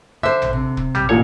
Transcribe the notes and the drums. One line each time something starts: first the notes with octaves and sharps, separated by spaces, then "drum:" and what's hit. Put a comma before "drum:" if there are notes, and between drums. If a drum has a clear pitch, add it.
D3 C5 E5
drum: tom
C3
drum: kick
G3, drum: tom
A1 A#2 C#5